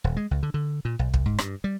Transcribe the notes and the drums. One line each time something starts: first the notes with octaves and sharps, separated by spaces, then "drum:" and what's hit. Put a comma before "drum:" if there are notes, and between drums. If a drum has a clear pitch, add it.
D#1
G#3
C#2
D3
D3
A#2
B1
C2, drum: kick
G#2
G2, drum: rim click
G3